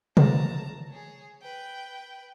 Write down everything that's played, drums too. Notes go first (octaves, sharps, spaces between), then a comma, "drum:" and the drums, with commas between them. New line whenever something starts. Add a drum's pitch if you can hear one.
A5 A#5, drum: tom C3
G#4 C#5
B4 G5